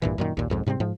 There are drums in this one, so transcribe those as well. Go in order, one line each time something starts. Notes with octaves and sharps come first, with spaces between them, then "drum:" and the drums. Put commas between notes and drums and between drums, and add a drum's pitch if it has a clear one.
G2 A#2 E3, drum: kick
F#2 A#2 D#3
D#2 A#2, drum: kick
B1 F2 G#2
G#2 C3 G3 C4
G#2 F3